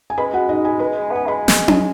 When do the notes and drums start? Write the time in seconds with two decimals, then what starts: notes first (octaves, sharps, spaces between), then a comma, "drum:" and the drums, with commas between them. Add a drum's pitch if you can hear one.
0.10 G#5
0.18 G#3 B4 B5
0.33 F#4 F#5
0.49 D#4 D#5
0.65 G#4 G#5
0.79 B4 B5
1.11 B3 G#5
1.27 G#3 B5
1.48 drum: snare
1.68 drum: tom C#4